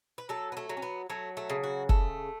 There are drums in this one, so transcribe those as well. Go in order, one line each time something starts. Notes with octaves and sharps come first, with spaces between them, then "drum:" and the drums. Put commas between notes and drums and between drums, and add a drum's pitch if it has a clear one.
B4
F#3 A4
B3
A3
F#3
C#4
B3
F#3 A3
A3
C#3
F#4
A3, drum: kick